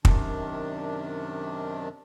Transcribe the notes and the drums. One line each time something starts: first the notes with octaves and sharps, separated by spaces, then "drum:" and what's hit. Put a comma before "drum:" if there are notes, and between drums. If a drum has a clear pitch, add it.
F#2 C3 D#3 D4, drum: kick